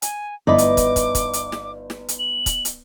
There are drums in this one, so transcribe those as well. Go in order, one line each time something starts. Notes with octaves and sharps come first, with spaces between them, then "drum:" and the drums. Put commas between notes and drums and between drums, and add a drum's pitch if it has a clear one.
G#5, drum: hi-hat
G1 D#4 E4 B4 D5 D6
drum: hi-hat
drum: kick, hi-hat
drum: kick, hi-hat
drum: kick, hi-hat
drum: hi-hat
drum: snare
drum: snare
drum: hi-hat
F#7
drum: kick, hi-hat
drum: hi-hat